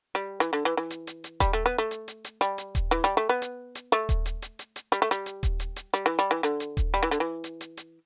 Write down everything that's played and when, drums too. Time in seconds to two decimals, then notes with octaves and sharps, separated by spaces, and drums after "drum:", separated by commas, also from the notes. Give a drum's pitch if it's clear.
0.15 G3
0.40 E3, drum: hi-hat
0.53 D3
0.65 E3
0.77 E3
0.90 drum: hi-hat
1.07 drum: hi-hat
1.24 drum: hi-hat
1.40 G3, drum: kick D#1, hi-hat
1.53 A3
1.66 B3
1.78 A3
1.91 drum: hi-hat
2.08 drum: hi-hat
2.24 drum: hi-hat
2.41 G3, drum: hi-hat
2.58 drum: hi-hat
2.75 drum: kick D#1, hi-hat
2.91 E3
3.04 G3
3.17 A3
3.29 B3
3.42 drum: hi-hat
3.75 drum: hi-hat
3.92 A3
4.09 drum: kick D#1, hi-hat
4.26 drum: hi-hat
4.42 drum: hi-hat
4.59 drum: hi-hat
4.76 drum: hi-hat
4.92 G3, drum: hi-hat
5.02 A3
5.11 G3, drum: hi-hat
5.26 drum: hi-hat
5.43 drum: kick D#1, hi-hat
5.60 drum: hi-hat
5.76 drum: hi-hat
5.94 G3, drum: hi-hat
6.06 E3
6.19 G3
6.31 E3
6.43 D3, drum: hi-hat
6.60 drum: hi-hat
6.77 drum: kick D#1, hi-hat
6.94 G3
7.03 E3
7.11 D3, drum: hi-hat
7.20 E3
7.44 drum: hi-hat
7.61 drum: hi-hat
7.77 drum: hi-hat